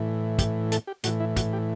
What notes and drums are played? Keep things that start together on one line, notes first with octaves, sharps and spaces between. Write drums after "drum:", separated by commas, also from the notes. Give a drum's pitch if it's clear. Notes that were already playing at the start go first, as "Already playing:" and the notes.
Already playing: A2 E3
G4, drum: kick, hi-hat
A4, drum: hi-hat
G4
A2 E3 F#4, drum: hi-hat
E4
F#4, drum: kick, hi-hat
G4